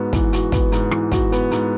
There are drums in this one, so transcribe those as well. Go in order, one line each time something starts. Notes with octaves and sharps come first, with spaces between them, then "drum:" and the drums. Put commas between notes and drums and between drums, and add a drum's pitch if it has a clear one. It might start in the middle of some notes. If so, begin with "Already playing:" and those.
Already playing: G#2 B3 F#4
E3, drum: kick, hi-hat
F#4, drum: hi-hat
B3, drum: kick, hi-hat
G#2, drum: hi-hat
E3, drum: rim click
F#4, drum: kick, hi-hat
B3, drum: hi-hat
G#2, drum: hi-hat